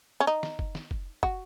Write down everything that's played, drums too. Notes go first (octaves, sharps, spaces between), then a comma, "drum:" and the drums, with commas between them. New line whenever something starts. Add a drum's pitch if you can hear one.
C#4
D#4
drum: snare
drum: kick
drum: snare
drum: kick
F#4, drum: kick